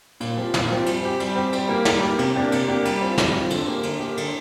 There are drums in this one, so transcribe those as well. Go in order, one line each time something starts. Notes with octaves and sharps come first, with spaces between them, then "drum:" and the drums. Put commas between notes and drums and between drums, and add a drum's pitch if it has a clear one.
A#2, drum: cymbal
F3 C4 G4
A#2, drum: snare
F3 C4 G4
G3, drum: cymbal
C4 G4
G3, drum: cymbal
C4 G4
G3, drum: cymbal
A#3 G4
G3, drum: snare
A#3 G4
C3, drum: cymbal
A#3 D4 G4
C3, drum: cymbal
A#3 D4 G4
G3, drum: cymbal
C4 F4
G3, drum: snare
C4 F4
D3, drum: cymbal
A#3 G4
D3, drum: cymbal
A#3 G4
D3, drum: cymbal